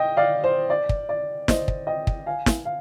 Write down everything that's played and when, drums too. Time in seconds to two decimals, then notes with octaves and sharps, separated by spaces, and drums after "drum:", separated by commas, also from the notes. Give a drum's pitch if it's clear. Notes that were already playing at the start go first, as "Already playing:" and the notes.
Already playing: D#5 G5
0.17 D5 F5
0.44 C5
0.70 D5
0.89 drum: kick
1.09 D5
1.48 C5 D#5, drum: snare
1.68 drum: kick
1.87 D#5 G5
2.07 drum: kick
2.26 F5 G#5
2.46 drum: snare
2.65 F5